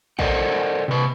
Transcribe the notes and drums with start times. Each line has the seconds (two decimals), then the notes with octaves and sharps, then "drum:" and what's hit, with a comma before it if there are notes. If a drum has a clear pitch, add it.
0.19 A4 A#4 C5 D5 D#5 F#5, drum: kick
0.88 C3 B4